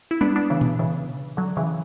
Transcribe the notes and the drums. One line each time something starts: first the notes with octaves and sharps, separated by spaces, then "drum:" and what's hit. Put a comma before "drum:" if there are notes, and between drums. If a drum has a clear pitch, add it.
E4
B3 D4, drum: tom G3
B3 D4
C#3 E3
drum: tom A#2
C#3 E3
D3 F#3
C#3 E3